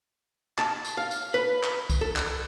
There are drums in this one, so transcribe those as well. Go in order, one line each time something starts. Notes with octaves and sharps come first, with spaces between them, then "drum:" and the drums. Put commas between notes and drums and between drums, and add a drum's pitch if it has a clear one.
A5, drum: clap
drum: tambourine
F5
drum: tambourine
B4
drum: clap
drum: kick C2, tambourine
A4
drum: clap